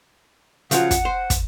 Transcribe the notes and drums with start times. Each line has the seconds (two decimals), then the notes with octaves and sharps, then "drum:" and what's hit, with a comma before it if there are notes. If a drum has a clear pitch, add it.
0.71 C#3 F3 F#3 F#5, drum: hi-hat
0.91 drum: kick, hi-hat
1.05 C5
1.30 drum: kick, hi-hat